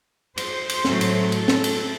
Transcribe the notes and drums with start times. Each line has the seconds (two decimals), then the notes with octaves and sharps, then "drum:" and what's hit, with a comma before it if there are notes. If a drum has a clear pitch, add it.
0.37 C5, drum: cymbal
0.69 drum: cymbal
0.85 A2 F#3 A3, drum: snare
1.01 drum: cymbal
1.32 A4, drum: cymbal
1.48 drum: snare
1.64 drum: cymbal